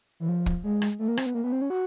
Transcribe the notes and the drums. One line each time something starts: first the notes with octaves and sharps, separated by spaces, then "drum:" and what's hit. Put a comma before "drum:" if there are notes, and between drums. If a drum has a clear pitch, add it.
E3
F3
drum: kick
G#3
drum: rim click
A3
A#3
C4, drum: rim click
B3
A#3
B3
C4
C#4
F#4